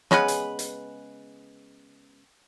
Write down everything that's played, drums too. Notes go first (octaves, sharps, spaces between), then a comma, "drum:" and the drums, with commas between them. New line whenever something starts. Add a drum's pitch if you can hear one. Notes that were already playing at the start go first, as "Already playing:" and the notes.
C#3 G#3 B3 B4, drum: snare
drum: hi-hat
drum: hi-hat